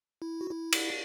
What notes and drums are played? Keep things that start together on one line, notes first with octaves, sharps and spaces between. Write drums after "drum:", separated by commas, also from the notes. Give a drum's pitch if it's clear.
E4
F#4
E4
drum: cymbal